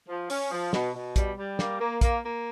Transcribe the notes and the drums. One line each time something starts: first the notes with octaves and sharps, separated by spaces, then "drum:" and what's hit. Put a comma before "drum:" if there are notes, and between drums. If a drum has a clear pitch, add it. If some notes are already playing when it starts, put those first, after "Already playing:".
F3
C#4, drum: open hi-hat
F3
B2, drum: snare
B2
G3, drum: kick A#1, hi-hat
G3
A#3, drum: snare
A#3
A#3, drum: kick A#1, hi-hat
A#3